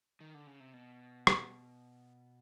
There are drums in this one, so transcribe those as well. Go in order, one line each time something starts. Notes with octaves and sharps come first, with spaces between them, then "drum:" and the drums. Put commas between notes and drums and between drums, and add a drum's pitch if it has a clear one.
D#3
D3
C#3
C3
B2
drum: rim click